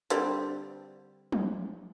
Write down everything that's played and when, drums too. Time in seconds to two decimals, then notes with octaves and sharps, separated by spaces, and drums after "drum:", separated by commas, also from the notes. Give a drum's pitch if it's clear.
0.10 D3 G3 C4, drum: hi-hat
1.32 drum: tom F3